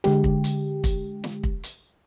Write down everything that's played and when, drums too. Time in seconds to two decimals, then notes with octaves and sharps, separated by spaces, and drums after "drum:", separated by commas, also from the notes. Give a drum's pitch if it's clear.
0.04 D3 G#3 G4, drum: snare
0.24 drum: kick
0.44 drum: hi-hat
0.84 drum: kick, hi-hat
1.24 drum: snare
1.44 drum: kick
1.63 drum: hi-hat